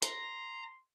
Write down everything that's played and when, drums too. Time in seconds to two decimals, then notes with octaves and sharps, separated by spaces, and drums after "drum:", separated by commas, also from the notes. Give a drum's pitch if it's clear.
0.02 A#5 C6, drum: hi-hat